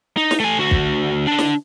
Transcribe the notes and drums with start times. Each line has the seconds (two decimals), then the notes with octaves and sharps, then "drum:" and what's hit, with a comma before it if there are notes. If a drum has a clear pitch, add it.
0.17 D#4
0.31 drum: snare
0.40 A3 G#5
0.58 D2 F#4
0.71 drum: kick
1.27 D3 D4
1.38 drum: snare